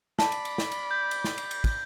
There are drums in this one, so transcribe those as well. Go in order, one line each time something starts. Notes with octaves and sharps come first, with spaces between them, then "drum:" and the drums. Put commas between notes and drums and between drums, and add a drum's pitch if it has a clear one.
D5 A5 B5, drum: snare
drum: cymbal
drum: cymbal
drum: snare
drum: cymbal
G6
drum: cymbal
drum: snare
drum: cymbal
drum: cymbal
drum: kick, cymbal